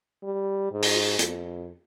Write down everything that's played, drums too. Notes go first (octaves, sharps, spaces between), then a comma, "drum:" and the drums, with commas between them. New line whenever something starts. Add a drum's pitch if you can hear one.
G3
G#2
drum: open hi-hat
F2, drum: hi-hat